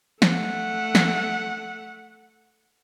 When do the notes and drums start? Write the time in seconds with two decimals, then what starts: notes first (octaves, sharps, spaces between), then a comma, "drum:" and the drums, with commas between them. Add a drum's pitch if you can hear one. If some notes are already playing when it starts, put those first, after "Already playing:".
0.22 A3 F#5, drum: snare
0.95 drum: snare